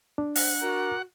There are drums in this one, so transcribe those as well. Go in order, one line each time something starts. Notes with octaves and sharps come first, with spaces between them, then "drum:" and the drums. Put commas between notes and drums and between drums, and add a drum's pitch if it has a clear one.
D4
C5 F#5, drum: open hi-hat
F#4 A#4 D5